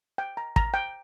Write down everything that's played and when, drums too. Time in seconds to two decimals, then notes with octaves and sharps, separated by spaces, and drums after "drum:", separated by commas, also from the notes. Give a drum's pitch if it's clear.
0.18 G5
0.37 A#5
0.56 A#5, drum: kick
0.74 G5